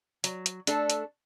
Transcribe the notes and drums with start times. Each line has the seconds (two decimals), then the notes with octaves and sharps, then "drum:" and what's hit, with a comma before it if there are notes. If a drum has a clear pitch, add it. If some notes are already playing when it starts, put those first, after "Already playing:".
0.24 F#3, drum: hi-hat
0.46 drum: hi-hat
0.67 A3 D4 A4, drum: hi-hat
0.90 drum: hi-hat